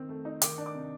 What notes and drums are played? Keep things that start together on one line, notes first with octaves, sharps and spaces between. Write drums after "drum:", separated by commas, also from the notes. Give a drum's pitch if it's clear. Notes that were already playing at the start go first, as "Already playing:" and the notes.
Already playing: D#3 C4
A3
D#4
D#3 D6, drum: hi-hat
D4
D6
C3